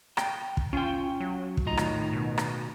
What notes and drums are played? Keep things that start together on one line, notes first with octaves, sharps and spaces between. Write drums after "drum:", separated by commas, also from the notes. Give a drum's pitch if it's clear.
G5, drum: rim click
drum: kick
C#4 F4 G5
F#3
drum: kick
A2 D#3 F4 D#5 A#5
drum: rim click
B2
drum: rim click